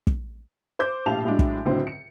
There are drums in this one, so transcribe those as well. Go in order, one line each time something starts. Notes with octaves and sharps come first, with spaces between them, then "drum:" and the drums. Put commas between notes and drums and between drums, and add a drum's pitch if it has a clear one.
drum: kick
C5 D6 G6
A#1 A2 G4 F5 A5 F7
A2 F#3 G#3 D4
drum: kick
C#2 A2 D3 F#3 C4
C#7